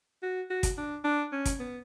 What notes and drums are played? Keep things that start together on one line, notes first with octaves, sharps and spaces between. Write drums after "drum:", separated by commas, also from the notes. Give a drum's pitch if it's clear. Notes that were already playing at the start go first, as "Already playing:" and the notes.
F#4
F#4
drum: kick, hi-hat
D4
D4
C#4
drum: kick, hi-hat
B3